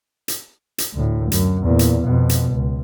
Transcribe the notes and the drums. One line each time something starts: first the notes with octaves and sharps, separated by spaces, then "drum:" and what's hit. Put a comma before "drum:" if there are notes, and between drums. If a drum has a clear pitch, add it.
drum: hi-hat
drum: hi-hat
D2 A2
F#2, drum: hi-hat
E2 A#2
drum: hi-hat
F2 B2
drum: hi-hat
C#2